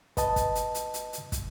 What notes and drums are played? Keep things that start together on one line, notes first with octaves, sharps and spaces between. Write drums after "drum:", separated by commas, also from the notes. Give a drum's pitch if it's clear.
B4 D#5 A5, drum: kick, hi-hat
drum: kick, hi-hat
drum: hi-hat
drum: hi-hat
drum: hi-hat
drum: hi-hat
drum: kick, hi-hat